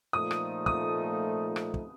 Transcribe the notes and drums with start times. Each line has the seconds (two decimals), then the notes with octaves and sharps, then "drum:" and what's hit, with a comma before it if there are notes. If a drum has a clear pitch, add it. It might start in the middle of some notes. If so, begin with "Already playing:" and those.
0.13 A#2 F3 A3 D#4 D#6
0.31 drum: rim click
0.66 D#6, drum: kick
1.56 drum: rim click
1.74 drum: kick